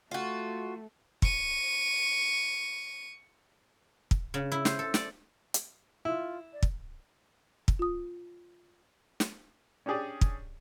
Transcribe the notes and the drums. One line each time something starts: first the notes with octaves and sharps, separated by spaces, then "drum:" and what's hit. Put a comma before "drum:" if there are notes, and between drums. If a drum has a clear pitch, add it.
A3 F4 F#4
C#6 D#7, drum: kick
drum: kick
C#3
E4
C5, drum: snare
A4
D5, drum: snare
drum: hi-hat
E4 F4
D5
drum: kick
drum: kick
F4 D#6
drum: snare
C#4 D4 G4 G#4 D5
drum: kick